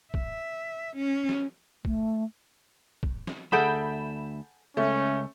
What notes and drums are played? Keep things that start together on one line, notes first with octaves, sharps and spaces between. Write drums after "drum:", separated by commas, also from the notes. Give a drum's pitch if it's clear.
E5, drum: kick
C#4
drum: snare
A3, drum: kick
drum: kick
drum: snare
D2 G#4 A4 E5 F#5 B5 G6 D7
C#2 A3 C#4